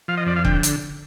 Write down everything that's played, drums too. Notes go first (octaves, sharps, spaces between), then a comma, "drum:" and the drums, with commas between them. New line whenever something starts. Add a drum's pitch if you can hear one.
F3 F5
D#5
F2 D5
F5
D3 G5, drum: kick
drum: hi-hat